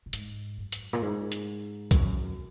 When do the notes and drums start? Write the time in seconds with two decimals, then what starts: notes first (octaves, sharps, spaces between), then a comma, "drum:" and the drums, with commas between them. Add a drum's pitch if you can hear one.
0.06 A#2
0.13 G#2, drum: hi-hat
0.57 F#2
0.72 drum: hi-hat
0.93 A#2
1.02 G#2
1.32 drum: hi-hat
1.91 F#2, drum: kick B1, hi-hat